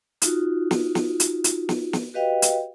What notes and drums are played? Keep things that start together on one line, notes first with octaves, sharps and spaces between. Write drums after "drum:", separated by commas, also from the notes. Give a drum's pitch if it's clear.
D#4 F4 F#4, drum: hi-hat
drum: snare
drum: snare
drum: hi-hat
drum: hi-hat
drum: snare
drum: snare
F#4 G4 B4 D#5 F5 G5
drum: hi-hat